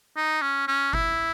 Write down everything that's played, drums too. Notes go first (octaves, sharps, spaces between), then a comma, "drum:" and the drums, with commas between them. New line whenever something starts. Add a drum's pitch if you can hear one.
D#4
C#4
C#4
E4, drum: kick G1